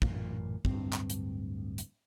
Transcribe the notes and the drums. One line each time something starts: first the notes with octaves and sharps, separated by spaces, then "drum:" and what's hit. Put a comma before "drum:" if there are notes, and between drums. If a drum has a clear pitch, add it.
A1 F#2 A#2 A#3, drum: kick
D1 G2 C4, drum: kick
drum: clap
drum: hi-hat
drum: hi-hat